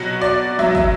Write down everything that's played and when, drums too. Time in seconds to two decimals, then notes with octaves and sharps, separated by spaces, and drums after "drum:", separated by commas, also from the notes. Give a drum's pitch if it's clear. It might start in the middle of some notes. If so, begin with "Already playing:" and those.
Already playing: B2 F#3 F#4
0.22 D5
0.59 B2 F#3 E5
0.75 E5, drum: kick